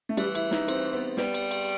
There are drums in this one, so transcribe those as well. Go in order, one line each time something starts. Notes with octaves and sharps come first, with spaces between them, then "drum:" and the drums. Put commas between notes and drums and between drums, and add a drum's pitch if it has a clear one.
A3
E3 G3, drum: cymbal
E4, drum: cymbal
D#4, drum: snare
C4, drum: cymbal
B3
G3 B3, drum: snare
drum: cymbal
drum: cymbal